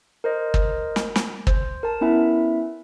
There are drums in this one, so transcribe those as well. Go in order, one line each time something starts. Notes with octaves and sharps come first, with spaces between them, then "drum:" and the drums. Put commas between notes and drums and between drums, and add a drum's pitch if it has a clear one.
A#4 C5 D#5
drum: kick
drum: snare
drum: snare
C5, drum: kick
A#4 A5
B3 C#4 E4 E5